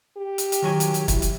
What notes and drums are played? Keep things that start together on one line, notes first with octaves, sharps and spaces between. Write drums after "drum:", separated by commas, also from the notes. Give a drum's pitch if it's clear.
G4
drum: hi-hat
drum: hi-hat
D#3 F#3 G#5
drum: hi-hat
drum: hi-hat
E4, drum: kick, hi-hat
drum: hi-hat